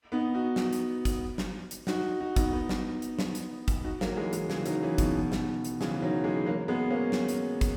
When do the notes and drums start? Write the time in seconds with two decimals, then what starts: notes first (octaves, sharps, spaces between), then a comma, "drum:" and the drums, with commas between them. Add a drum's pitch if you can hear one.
0.12 B3 D#4
0.34 D#4 F#4
0.56 drum: snare
0.73 drum: hi-hat
1.05 drum: kick, hi-hat
1.38 drum: snare
1.71 drum: hi-hat
1.87 D#4 F#4, drum: snare
2.20 D#4 F#4
2.36 B3 D#4, drum: kick, hi-hat
2.53 B3 D#4
2.69 drum: snare
3.02 drum: hi-hat
3.19 drum: snare
3.35 drum: hi-hat
3.68 drum: kick, hi-hat
3.84 D#4 F#4
4.01 F#3 A#3, drum: snare
4.16 E3 G#3
4.33 E3 G#3, drum: hi-hat
4.50 C#3 E3, drum: snare
4.66 D#3 F#3, drum: hi-hat
4.83 C#3 E3
4.98 B2 D#3, drum: kick, hi-hat
5.32 drum: snare
5.65 drum: hi-hat
5.81 C#3 E3, drum: snare
6.02 D#3 F#3
6.24 E3 G#3
6.46 F#3 A#3
6.68 G#3 B3
6.90 A#3 C#4
7.12 drum: snare
7.29 drum: hi-hat
7.61 drum: kick, hi-hat